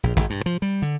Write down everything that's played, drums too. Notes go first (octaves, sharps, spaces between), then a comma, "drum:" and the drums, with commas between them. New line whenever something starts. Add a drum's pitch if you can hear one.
A#1
G#1, drum: kick, hi-hat
G2
F3
G3
D3